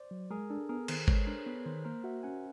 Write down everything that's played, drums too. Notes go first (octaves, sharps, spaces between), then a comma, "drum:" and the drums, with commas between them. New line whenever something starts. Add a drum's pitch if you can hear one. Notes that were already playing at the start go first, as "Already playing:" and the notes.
Already playing: C5 D5
F#3
G#3 G#4 A#4
D4 A4
B3 G#4 A#4
D#3 A#4 C5, drum: cymbal
G#3 B4 C#5, drum: kick G#1
D4 A#4 C5
B3 B4 C#5
D#3 A#4 C5
A#3 A#4 C5
F#4 E5 F#5
C#4 F#5 G#5